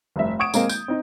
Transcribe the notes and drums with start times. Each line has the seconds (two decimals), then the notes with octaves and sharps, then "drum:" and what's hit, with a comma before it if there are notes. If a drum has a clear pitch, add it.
0.16 F1 G2 E5
0.39 F#5 C#6 D#6 G#6 D7 E7
0.54 G#3 A#3 C4 F5, drum: tambourine
0.69 G6, drum: tambourine
0.88 C4 D#4